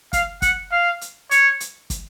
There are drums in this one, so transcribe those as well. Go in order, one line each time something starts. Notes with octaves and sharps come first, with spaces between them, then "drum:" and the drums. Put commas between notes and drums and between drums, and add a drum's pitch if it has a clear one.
F5, drum: kick, hi-hat
F#5, drum: kick, hi-hat
F5
drum: hi-hat
C#5, drum: hi-hat
drum: hi-hat
drum: kick, hi-hat